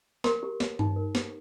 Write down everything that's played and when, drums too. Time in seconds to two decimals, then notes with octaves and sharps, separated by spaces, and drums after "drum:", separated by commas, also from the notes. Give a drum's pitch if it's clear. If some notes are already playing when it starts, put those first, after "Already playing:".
0.24 A#4 C6, drum: snare
0.43 G4
0.60 C#5, drum: snare
0.79 D#4, drum: tom G2
0.96 A#4
1.15 G4, drum: snare